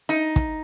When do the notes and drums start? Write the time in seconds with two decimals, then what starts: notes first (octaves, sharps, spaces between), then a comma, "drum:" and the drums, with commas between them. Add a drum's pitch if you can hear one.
0.09 D#4, drum: hi-hat
0.36 drum: kick, hi-hat